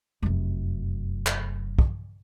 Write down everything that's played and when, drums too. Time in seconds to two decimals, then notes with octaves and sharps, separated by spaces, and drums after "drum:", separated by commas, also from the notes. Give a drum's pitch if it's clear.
0.23 F1 F#2
1.27 drum: clap
1.79 drum: kick